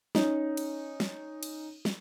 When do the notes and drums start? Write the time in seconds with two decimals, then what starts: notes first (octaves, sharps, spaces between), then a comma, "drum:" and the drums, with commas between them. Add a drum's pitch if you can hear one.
0.15 C#4 D#4, drum: snare
0.57 drum: cymbal
1.00 drum: snare
1.43 drum: cymbal
1.85 drum: snare